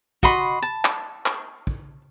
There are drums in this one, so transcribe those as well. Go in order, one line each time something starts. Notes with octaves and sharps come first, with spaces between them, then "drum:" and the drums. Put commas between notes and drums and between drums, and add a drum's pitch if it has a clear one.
F#4 D#5 B5 C6, drum: kick
A5
drum: clap
drum: clap
drum: kick